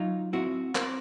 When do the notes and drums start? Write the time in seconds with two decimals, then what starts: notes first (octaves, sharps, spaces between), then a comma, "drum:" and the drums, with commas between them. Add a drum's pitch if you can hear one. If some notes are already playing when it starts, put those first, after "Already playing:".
Already playing: F#3 D#4 F4
0.33 C4 E4 F#4
0.75 C4 A#4 C5, drum: clap